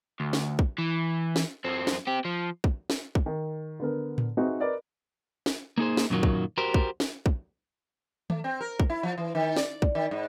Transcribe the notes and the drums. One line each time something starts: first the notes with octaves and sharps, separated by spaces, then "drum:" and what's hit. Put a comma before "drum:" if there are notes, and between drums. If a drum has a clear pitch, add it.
D2
drum: snare
drum: kick
E3
drum: snare
F#2 C4
drum: snare
C4 G4
F3
drum: kick
drum: snare
drum: kick
D#3
D3 B3 A#4
drum: tom A2
C4 D#4 F#4 G#4 B4 E5
A#4 B4 D5 D#5
drum: snare
A#3 D#4 G#4 C5
drum: snare
F#2 A#2 D#3 F#3 A#3
drum: kick
F#4 G4 A#4 C5
drum: kick
drum: snare
drum: kick
A3, drum: tom D#3
C4
A#4
drum: kick
E4
F3
E3
D#3
D5, drum: snare
drum: kick
D#3
G#2